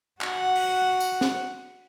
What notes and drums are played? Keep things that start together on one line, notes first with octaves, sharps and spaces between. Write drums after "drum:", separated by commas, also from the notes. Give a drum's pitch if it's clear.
F#4 F#5, drum: clap
drum: open hi-hat
drum: tambourine
drum: snare